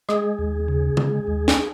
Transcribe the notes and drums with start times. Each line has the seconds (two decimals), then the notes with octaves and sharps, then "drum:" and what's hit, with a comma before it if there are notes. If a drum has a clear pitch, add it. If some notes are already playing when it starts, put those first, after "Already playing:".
0.09 G#3 G#4, drum: rim click
0.39 D#2
0.68 C#3
0.97 G#3, drum: tom
1.27 D#2
1.48 drum: snare